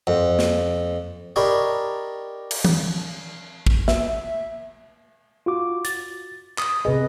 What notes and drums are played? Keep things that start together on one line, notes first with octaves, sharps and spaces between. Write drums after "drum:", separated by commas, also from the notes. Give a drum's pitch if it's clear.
F2
drum: snare
D4 D#4 G4 A#4 C#5 B5
drum: cymbal
drum: tom E3
drum: kick
E5, drum: snare
F4 F#4 D6
A6, drum: hi-hat
D#6, drum: clap
C3 G#4 B4 D#5